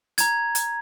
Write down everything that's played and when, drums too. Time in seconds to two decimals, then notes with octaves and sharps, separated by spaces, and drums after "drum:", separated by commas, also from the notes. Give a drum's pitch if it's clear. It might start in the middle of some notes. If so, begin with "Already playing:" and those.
0.18 A#5 G#6, drum: hi-hat
0.55 drum: hi-hat